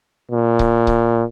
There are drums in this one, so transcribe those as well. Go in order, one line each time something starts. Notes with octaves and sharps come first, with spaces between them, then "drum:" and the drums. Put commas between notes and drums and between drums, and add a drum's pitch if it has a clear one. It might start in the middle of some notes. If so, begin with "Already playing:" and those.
A#2
drum: kick C#1
drum: kick C#1